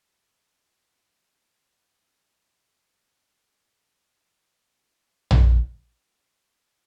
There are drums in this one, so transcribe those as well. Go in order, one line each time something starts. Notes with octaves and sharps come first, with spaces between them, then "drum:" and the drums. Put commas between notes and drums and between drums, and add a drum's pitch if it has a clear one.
G#4 A#4
G#4 A#4
A4 B4
B4 C#5
A#4 C5
G4 A4
F4 G4
E4 F#4
F4 G4
F4 G4
G#4 A#4
A#4 C5
C#5
A#4 C5
drum: tom A#1
B4 C#5
B4 C#5
A#4 C5
C5
A4 B4